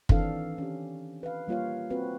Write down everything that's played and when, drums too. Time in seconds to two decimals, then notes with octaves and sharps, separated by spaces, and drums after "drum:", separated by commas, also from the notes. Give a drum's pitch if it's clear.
0.09 D#3 E3 C4 D4 A4 F5, drum: kick
0.58 C#4 G4
1.23 B4 F5
1.48 G3 A#3 F4 C#5 F5
1.90 C4 F#4 B4